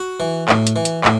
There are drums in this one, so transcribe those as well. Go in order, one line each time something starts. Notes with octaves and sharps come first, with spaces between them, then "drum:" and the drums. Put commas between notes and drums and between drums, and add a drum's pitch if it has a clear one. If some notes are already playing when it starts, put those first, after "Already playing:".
Already playing: F#4
E3
A2, drum: clap
drum: hi-hat
E3
drum: hi-hat
A2, drum: clap